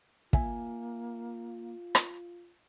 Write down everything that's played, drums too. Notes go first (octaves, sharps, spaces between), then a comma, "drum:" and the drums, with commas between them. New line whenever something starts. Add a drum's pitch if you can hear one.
A#3 F4 E5 G#5, drum: kick
drum: rim click